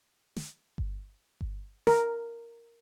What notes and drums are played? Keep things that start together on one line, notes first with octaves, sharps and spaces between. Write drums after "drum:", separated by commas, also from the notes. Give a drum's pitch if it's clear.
drum: snare
drum: kick G1
drum: kick G1
A#4, drum: snare